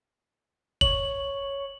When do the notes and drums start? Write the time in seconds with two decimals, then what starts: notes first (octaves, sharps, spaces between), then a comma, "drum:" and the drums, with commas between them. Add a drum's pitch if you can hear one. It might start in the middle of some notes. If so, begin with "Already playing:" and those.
0.81 C#5 F#7, drum: kick